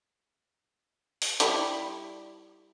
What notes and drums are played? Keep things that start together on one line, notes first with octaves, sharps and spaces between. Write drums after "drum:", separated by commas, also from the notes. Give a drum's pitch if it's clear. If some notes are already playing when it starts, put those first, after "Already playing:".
drum: open hi-hat
G3 E4 D5, drum: hi-hat